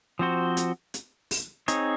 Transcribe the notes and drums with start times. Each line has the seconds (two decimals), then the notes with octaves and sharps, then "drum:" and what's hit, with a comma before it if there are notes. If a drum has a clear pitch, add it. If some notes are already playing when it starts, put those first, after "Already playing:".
0.19 F3 C4 F#4 C5
0.57 drum: hi-hat
0.94 drum: hi-hat
1.31 drum: open hi-hat
1.68 C4 D#4 G#4 C#5, drum: hi-hat